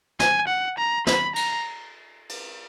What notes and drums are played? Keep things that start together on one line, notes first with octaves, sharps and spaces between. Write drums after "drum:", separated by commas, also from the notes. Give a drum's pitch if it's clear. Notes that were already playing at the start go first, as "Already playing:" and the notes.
G#5, drum: snare
F#5
A#5
B5, drum: snare
A#5, drum: cymbal
drum: cymbal